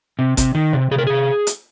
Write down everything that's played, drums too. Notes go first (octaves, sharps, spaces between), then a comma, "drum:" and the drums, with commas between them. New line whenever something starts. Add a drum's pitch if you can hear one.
C3
C3, drum: kick G#1, hi-hat
D#3
C3
C3 G#4
A#4
C3 G#4
drum: hi-hat